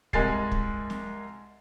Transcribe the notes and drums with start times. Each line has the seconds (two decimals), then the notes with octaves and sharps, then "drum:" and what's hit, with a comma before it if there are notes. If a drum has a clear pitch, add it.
0.13 C2 G#3 A#4 G#5 A6 C7, drum: kick
0.52 drum: kick
0.90 drum: snare